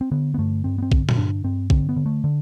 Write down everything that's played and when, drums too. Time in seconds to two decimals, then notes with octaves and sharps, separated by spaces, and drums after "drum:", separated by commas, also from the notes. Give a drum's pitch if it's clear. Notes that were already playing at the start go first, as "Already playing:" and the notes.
0.01 C4
0.11 D3 B3
0.34 B3
0.38 G2 A3
0.64 G2 C4
0.78 B3
0.83 C4
0.92 D3, drum: kick
1.09 drum: tom A#2
1.18 G2 D4
1.44 G2 C4
1.70 D3 C4, drum: kick
1.89 B3
1.96 D3
2.06 A3
2.24 D3